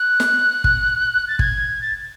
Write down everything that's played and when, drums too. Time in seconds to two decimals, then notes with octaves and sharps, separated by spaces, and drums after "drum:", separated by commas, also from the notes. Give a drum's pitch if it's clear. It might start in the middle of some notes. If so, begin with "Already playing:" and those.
Already playing: F#6
0.20 drum: snare
0.64 drum: kick
1.28 A6
1.39 G#6, drum: kick
1.81 A6